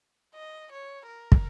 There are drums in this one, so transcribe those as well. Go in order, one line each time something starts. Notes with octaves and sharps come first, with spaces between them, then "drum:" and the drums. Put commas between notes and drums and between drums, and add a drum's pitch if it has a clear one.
D#5
C#5
A#4
drum: kick